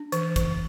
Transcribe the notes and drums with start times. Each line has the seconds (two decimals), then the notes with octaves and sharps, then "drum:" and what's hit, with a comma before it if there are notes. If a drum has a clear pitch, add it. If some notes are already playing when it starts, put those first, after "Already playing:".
Already playing: D4
0.12 E3, drum: hi-hat
0.36 E3, drum: kick, hi-hat